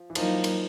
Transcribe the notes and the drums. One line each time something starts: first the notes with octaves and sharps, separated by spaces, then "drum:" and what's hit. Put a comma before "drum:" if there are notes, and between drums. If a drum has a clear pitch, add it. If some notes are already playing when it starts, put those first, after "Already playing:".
Already playing: F3
E3
F3 F#3 A#3 D#4, drum: cymbal
drum: cymbal